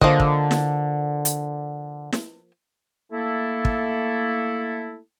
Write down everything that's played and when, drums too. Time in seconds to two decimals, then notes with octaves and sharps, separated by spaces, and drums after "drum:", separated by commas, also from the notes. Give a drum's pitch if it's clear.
0.01 D3 F3 A#3 D#5, drum: kick
0.20 drum: kick
0.51 drum: snare
1.25 drum: hi-hat
2.12 drum: snare
3.12 A3 A#3 E4 A4
3.65 drum: kick